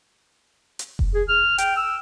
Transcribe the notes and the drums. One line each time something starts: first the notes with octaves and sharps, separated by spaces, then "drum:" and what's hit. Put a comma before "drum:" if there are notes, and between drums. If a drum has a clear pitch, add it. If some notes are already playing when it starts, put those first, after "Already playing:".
drum: hi-hat
drum: kick F1
G#4
F6
G5, drum: hi-hat
E6